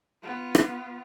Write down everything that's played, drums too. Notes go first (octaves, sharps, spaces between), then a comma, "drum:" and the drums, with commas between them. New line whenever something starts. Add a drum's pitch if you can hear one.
B3 F4
drum: rim click